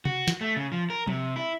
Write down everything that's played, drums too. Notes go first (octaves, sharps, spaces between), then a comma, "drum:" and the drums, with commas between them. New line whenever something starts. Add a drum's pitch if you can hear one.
F#4, drum: tom C3
drum: snare
A3
C#3
F3
A#4
C3, drum: tom F3
E4